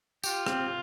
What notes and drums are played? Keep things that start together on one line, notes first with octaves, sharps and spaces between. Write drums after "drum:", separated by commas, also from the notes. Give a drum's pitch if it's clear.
F4 G4, drum: tambourine
C4, drum: rim click